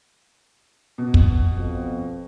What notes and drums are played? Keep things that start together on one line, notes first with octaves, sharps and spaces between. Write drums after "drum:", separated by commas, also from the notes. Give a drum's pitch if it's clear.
B2
drum: kick
F2